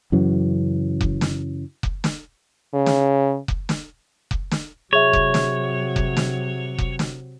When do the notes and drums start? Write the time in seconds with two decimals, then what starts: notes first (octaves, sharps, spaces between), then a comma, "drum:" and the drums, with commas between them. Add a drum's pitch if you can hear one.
0.12 F#2 C#3 E3 F#3
1.01 drum: kick F1
1.21 drum: snare
1.83 drum: kick F1
2.04 drum: snare
2.74 C#3
2.86 drum: snare
3.48 drum: kick F1
3.69 drum: snare
4.31 drum: kick F1
4.51 drum: snare
4.93 C3 F#3 G#4 C#5 E5
5.13 drum: kick F1
5.34 drum: snare
5.96 drum: kick F1
6.17 drum: snare
6.78 drum: kick F1
6.99 drum: snare